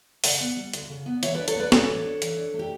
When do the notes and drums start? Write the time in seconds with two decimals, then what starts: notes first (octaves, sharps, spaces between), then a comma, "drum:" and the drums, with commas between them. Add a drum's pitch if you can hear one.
0.24 C#3 D5 F#5, drum: open hi-hat
0.41 B3
0.57 G3
0.74 D2, drum: hi-hat
0.89 C#3
1.06 B3
1.23 E3 C#5 E5, drum: hi-hat
1.35 D4 B4 D5
1.48 A4 C#5, drum: hi-hat
1.56 B3
1.59 B4 D5
1.72 A2 A4 C#5, drum: snare
1.88 E3
2.04 D4
2.22 E3, drum: hi-hat
2.37 D4
2.54 A3
2.59 G4